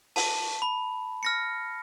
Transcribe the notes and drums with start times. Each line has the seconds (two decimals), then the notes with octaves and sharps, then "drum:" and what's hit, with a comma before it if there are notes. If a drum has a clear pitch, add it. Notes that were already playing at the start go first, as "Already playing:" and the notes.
0.16 A5, drum: open hi-hat
0.62 B5
1.23 F6 A#6 C#7